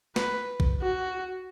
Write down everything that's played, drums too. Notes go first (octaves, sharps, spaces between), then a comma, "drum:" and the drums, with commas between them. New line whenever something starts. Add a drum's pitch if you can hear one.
B4, drum: snare
drum: kick
F#4